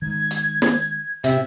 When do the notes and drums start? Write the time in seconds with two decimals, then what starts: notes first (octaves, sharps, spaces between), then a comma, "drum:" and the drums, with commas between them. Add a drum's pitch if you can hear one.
0.02 D#3 G#3 G#6
0.31 drum: hi-hat
0.62 drum: snare
1.24 C3 E5, drum: hi-hat